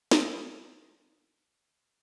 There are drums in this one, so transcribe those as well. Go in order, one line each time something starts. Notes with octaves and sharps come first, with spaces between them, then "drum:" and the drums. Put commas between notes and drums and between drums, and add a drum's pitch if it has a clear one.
D#6 E6, drum: snare